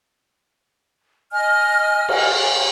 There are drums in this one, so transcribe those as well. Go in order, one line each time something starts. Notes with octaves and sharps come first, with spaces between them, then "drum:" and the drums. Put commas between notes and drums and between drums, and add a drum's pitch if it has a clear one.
D#5 G#5 F6
drum: cymbal